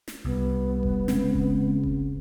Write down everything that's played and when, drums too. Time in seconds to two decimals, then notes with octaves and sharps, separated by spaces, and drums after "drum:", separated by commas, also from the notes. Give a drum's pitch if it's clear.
0.08 drum: snare
0.25 C2 G3 B3
0.83 drum: kick F1
1.08 C#3 G#3 C4, drum: snare
1.33 drum: kick F1
1.83 drum: kick F1